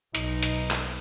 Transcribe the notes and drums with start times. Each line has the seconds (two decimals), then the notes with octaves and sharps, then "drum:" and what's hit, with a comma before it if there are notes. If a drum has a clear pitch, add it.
0.15 B1 D#4, drum: hi-hat
0.43 drum: hi-hat
0.71 drum: clap